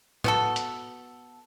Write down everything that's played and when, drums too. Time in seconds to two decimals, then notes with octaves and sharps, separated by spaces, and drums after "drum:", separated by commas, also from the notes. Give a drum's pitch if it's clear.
0.24 B3 F#4 A4, drum: tom A2
0.56 drum: hi-hat